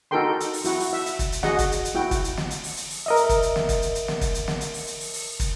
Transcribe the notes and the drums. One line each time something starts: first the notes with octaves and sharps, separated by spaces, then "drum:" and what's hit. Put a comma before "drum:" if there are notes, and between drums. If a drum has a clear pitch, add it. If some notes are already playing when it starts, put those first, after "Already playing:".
D#4 F#4 A4 A#4 G5 C6
drum: hi-hat
drum: open hi-hat
E4 F#4 F#5, drum: hi-hat
drum: open hi-hat
E5
drum: hi-hat
drum: kick, hi-hat
drum: hi-hat
F#4 G#4 D#5 F#5, drum: snare
drum: kick, hi-hat
drum: hi-hat
drum: hi-hat
E4 F#4 G5
drum: kick, hi-hat
drum: hi-hat
drum: snare
drum: hi-hat
drum: open hi-hat
drum: hi-hat
drum: open hi-hat
A#4 D#5 E5
drum: hi-hat
drum: kick, hi-hat
drum: hi-hat
drum: snare
drum: kick, hi-hat
drum: hi-hat
drum: hi-hat
drum: snare
drum: kick, hi-hat
drum: hi-hat
drum: snare
drum: hi-hat
drum: open hi-hat
drum: hi-hat
drum: open hi-hat
drum: open hi-hat
drum: kick, hi-hat